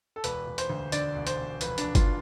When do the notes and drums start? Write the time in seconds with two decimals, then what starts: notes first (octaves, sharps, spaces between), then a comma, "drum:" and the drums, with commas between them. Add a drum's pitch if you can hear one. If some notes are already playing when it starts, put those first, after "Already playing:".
0.16 A4
0.24 E1 B4, drum: hi-hat
0.47 E1
0.58 C5, drum: hi-hat
0.70 D2
0.92 D3 D5, drum: hi-hat
1.16 E1
1.27 C5, drum: hi-hat
1.38 E1
1.61 F1 B4, drum: hi-hat
1.78 D4, drum: hi-hat
1.83 F1
1.95 F4, drum: kick G1, hi-hat